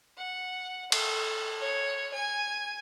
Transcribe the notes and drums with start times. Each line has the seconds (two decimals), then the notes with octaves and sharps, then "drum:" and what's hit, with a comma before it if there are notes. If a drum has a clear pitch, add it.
0.18 F#5
0.92 A4, drum: cymbal
1.61 C#5
2.14 G#5